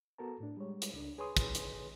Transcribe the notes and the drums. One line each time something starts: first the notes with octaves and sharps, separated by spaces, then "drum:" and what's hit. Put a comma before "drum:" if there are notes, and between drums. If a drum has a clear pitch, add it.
B3 F#4 A4 A#4 A5 A#5
A2 D4
G3 G#3 C#5
drum: hi-hat
C#2 D4
G#4 B4 C#5 G#5 C6 D#6
drum: kick, hi-hat
drum: hi-hat